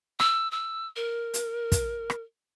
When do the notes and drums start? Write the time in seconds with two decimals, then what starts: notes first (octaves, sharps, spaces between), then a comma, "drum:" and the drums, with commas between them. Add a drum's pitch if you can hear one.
0.20 E6, drum: rim click
0.51 E6
0.96 A#4
1.34 drum: hi-hat
1.72 drum: kick, hi-hat
2.10 drum: rim click